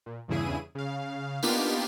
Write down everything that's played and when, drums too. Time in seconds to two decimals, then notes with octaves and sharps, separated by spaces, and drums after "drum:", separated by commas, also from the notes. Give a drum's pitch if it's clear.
0.06 A#2
0.28 E2 G2 C#3 E4 G#4 D#7
0.75 C#3 F5
1.43 A#3 B3 D4 D#4 F4 G4, drum: open hi-hat